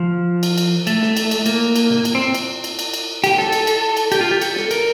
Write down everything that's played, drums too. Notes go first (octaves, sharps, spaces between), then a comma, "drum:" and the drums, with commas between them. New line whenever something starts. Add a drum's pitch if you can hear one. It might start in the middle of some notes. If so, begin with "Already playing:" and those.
Already playing: F3
drum: cymbal
drum: cymbal
A3, drum: cymbal
drum: snare
drum: cymbal
drum: cymbal
A#3, drum: cymbal
drum: cymbal
drum: tom
drum: cymbal
C4
drum: cymbal
drum: cymbal
drum: cymbal
drum: cymbal
G4, drum: cymbal
A4, drum: snare
drum: cymbal
drum: cymbal
drum: cymbal
G4, drum: cymbal
F4
G4
A4, drum: cymbal
drum: snare
A#4, drum: cymbal